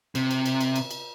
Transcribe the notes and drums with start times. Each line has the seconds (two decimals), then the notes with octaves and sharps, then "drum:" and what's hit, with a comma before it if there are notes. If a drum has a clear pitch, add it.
0.15 C3, drum: cymbal
0.31 drum: cymbal
0.46 drum: cymbal
0.61 drum: cymbal
0.76 drum: cymbal
0.91 drum: cymbal